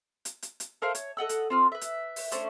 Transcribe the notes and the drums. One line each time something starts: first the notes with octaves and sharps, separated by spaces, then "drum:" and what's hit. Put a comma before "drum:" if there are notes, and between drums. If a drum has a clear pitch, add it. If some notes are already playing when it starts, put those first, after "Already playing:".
drum: hi-hat
drum: hi-hat
drum: hi-hat
A4 A#4 C5 F5
C#5, drum: hi-hat
A4 D#5 F#5 E6
drum: hi-hat
C4 F4 F6
B4 E5
drum: hi-hat
drum: open hi-hat
A3 C#4 D4 C5, drum: hi-hat